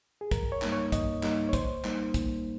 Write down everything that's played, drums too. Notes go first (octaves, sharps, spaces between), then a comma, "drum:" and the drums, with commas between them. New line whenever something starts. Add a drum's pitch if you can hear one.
G#4
G2 A#4, drum: kick, hi-hat
C#5
G3 A#3 D#4, drum: clap
C#5
G2 D#5, drum: kick, hi-hat
G3 A#3 D#4, drum: clap
C#5
A#2 C5, drum: kick, hi-hat
G3 A#3 D#4, drum: clap
A#2, drum: kick, hi-hat